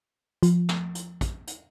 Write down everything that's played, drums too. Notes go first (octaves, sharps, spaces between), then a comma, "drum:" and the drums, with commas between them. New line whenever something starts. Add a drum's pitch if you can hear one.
F3, drum: hi-hat
drum: snare
drum: hi-hat
drum: kick, hi-hat
drum: hi-hat